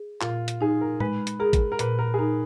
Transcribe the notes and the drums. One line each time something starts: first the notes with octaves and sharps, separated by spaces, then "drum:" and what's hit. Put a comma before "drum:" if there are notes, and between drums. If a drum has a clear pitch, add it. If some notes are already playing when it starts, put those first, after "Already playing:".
Already playing: G#4
A#2 F4, drum: clap
drum: hi-hat
D#4 G#4
A#4
G#3 B4, drum: tom A2
drum: hi-hat
G#4 A#4
drum: kick, hi-hat
A#4
A#2 B4, drum: hi-hat
A#4
G#4
D#4 A#4